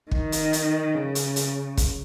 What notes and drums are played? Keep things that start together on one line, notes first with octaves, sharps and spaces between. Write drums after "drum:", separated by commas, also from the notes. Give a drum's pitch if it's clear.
D#3, drum: kick
drum: hi-hat
drum: hi-hat
C#3
drum: hi-hat
drum: hi-hat
drum: kick, hi-hat